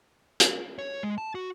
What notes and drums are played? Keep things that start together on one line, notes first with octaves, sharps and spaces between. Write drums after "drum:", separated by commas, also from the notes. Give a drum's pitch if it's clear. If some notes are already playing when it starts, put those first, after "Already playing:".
drum: hi-hat
C#5
G#3
A5
F#4